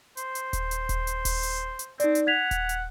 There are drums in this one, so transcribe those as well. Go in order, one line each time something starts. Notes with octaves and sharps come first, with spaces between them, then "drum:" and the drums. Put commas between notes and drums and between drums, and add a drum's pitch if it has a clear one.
C5, drum: hi-hat
drum: hi-hat
drum: kick D#1, hi-hat
drum: hi-hat
drum: kick D#1, hi-hat
drum: hi-hat
drum: kick D#1, open hi-hat
drum: hi-hat
drum: hi-hat
C4 D#4 D5, drum: hi-hat
drum: hi-hat
F#5 G#6 B6 F7
drum: kick D#1, hi-hat
drum: hi-hat